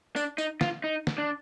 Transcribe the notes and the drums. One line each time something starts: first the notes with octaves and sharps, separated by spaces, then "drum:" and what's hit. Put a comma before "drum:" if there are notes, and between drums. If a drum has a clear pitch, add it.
D4, drum: tambourine
D#4, drum: tambourine
F4, drum: snare
D#4
drum: snare
D4